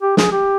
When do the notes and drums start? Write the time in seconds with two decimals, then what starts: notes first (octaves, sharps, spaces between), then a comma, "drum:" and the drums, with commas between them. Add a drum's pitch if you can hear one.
0.02 G4
0.17 G#4, drum: snare
0.32 G4